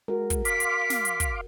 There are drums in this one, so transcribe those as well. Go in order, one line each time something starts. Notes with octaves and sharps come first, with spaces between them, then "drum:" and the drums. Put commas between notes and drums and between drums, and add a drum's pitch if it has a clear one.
G#3 F#4 A#4
drum: kick, hi-hat
F5 C6 D6 B6, drum: hi-hat
drum: hi-hat
drum: snare
drum: hi-hat
drum: kick, hi-hat